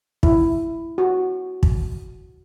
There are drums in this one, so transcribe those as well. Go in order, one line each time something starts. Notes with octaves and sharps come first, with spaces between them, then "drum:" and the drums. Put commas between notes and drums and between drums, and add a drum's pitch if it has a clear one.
E4, drum: kick
F#4
drum: kick